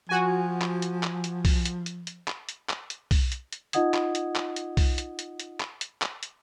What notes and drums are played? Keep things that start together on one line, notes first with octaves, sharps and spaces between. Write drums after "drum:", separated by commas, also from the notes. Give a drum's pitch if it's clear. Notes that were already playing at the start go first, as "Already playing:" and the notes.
F3 F#4 G#5
drum: clap
drum: hi-hat
drum: clap
drum: hi-hat
drum: kick, open hi-hat
drum: hi-hat
drum: hi-hat
drum: hi-hat
drum: clap
drum: hi-hat
drum: clap
drum: hi-hat
drum: kick, open hi-hat
drum: hi-hat
drum: hi-hat
D#4 F4 D#5 F#5 D#6 G#6, drum: hi-hat
drum: clap
drum: hi-hat
drum: clap
drum: hi-hat
drum: kick, open hi-hat
drum: hi-hat
drum: hi-hat
drum: hi-hat
drum: clap
drum: hi-hat
drum: clap
drum: hi-hat